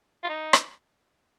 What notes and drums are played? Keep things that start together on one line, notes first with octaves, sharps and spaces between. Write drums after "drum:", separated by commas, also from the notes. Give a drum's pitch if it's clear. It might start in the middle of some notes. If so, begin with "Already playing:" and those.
F4
D#4
drum: rim click